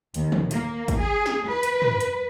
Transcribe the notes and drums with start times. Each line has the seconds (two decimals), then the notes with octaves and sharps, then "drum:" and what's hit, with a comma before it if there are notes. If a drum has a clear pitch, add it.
0.14 D#2, drum: hi-hat
0.32 drum: tom
0.51 A#3, drum: hi-hat
0.88 drum: kick, hi-hat
0.99 G#4
1.26 drum: snare
1.48 B4
1.63 drum: hi-hat
1.82 drum: tom
2.01 drum: hi-hat